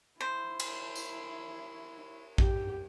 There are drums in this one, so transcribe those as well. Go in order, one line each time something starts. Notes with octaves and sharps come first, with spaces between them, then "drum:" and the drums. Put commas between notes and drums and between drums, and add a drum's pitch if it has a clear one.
E4 C5
drum: cymbal
drum: tambourine
G4, drum: kick A#1